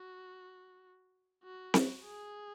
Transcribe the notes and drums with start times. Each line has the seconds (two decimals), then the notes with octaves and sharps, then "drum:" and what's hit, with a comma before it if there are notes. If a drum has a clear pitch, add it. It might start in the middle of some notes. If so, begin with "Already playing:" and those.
Already playing: F#4
1.44 F#4
1.74 drum: snare C4
2.05 G#4